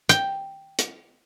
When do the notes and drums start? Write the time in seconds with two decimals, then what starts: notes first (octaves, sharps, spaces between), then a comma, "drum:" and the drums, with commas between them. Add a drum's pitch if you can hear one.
0.09 G5, drum: hi-hat
0.79 drum: hi-hat